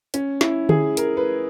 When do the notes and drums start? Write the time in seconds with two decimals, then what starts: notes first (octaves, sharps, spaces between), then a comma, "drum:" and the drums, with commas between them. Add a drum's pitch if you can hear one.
0.14 C#4, drum: hi-hat
0.41 E4, drum: snare
0.69 G#4, drum: tom D3
0.97 A#4, drum: hi-hat
1.17 B4